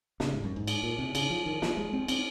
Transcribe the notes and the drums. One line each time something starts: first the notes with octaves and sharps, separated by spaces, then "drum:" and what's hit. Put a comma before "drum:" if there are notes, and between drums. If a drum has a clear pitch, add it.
C#3, drum: snare
G#2
F#2
G#2
drum: cymbal
A#2
C3
C#3, drum: cymbal
F3
D#3
F3, drum: snare
G#3
C4
C4, drum: cymbal